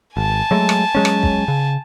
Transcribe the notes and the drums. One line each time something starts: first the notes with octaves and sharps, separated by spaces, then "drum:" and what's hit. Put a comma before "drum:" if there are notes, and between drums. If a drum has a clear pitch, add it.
G#1 G#5 A5
F#3 G#3 A3
drum: rim click
F#3 G#3 C#4
drum: rim click
drum: kick
C#3